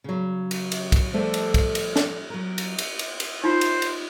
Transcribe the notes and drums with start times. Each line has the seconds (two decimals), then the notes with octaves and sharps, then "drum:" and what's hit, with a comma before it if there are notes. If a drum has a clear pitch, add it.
0.04 C#3 F#3
0.51 drum: cymbal
0.72 drum: cymbal
0.92 drum: kick, cymbal
1.13 F3 G3 A3 A4 C5 E5
1.34 drum: cymbal
1.54 drum: kick, cymbal
1.75 drum: cymbal
1.96 drum: snare
2.30 F#3 A#4
2.58 drum: cymbal
2.79 drum: cymbal
2.99 drum: cymbal
3.20 drum: cymbal
3.44 D#4 F4 C5
3.61 drum: cymbal
3.82 drum: cymbal